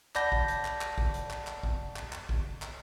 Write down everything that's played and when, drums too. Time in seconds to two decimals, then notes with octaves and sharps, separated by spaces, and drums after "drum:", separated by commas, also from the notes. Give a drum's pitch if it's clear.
0.15 D5 F#5 A5 B5 G6 A#6, drum: clap
0.32 drum: kick
0.48 drum: hi-hat
0.65 drum: clap
0.81 drum: clap
0.98 drum: kick
1.14 drum: hi-hat
1.31 drum: clap
1.47 drum: clap
1.63 drum: kick
1.96 drum: clap
2.13 drum: clap
2.29 drum: kick
2.62 drum: clap